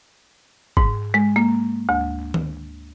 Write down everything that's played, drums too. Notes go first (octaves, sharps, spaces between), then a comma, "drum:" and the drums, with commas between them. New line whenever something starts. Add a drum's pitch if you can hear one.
G#2, drum: kick G1
G#3
A#3
D2
drum: tom D#3